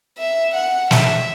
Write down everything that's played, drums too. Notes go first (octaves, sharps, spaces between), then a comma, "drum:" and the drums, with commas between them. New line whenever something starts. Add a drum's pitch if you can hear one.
E5
F#5
E5, drum: snare